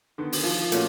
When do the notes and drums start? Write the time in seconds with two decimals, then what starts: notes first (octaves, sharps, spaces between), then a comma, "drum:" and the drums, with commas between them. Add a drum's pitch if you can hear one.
0.18 D3 D#3 B3
0.32 drum: open hi-hat
0.43 F3
0.72 A#2 A3 C#4 F#4, drum: hi-hat